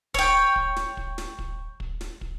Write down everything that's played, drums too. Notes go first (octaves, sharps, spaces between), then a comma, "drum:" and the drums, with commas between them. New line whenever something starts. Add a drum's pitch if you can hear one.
C#5 G5, drum: kick
drum: kick
drum: snare
drum: kick
drum: snare
drum: kick
drum: kick
drum: snare
drum: kick